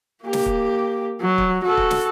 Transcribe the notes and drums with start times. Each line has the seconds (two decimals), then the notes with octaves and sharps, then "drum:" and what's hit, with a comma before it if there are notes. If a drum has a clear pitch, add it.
0.23 A#3 G4
0.33 drum: snare
0.46 drum: kick
1.21 F#3
1.38 drum: kick
1.64 F#4 A4
1.77 drum: kick
1.91 drum: snare